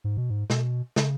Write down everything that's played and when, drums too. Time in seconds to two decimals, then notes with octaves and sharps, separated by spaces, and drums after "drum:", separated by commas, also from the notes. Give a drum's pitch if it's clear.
0.04 G#2
0.17 B2
0.30 G#2
0.50 B2, drum: snare
0.96 C#3, drum: snare